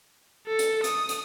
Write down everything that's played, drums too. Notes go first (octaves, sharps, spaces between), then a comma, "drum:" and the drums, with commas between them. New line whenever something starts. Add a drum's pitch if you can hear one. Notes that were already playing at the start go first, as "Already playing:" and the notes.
A4
drum: hi-hat
D#6, drum: hi-hat
drum: hi-hat